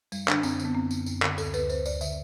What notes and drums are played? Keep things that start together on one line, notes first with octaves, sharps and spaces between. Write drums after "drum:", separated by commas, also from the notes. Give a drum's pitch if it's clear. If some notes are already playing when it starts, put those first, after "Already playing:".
F#2 G3, drum: tambourine
D3 D4, drum: clap
F#2 C4, drum: tambourine
D3, drum: tambourine
B3
F#2 C4
F#2, drum: tambourine
F#2, drum: tambourine
D3, drum: clap
D2 A4, drum: tambourine
D2 B4, drum: tambourine
D2 C5, drum: tambourine
D2 D5, drum: tambourine
D3 E5, drum: tambourine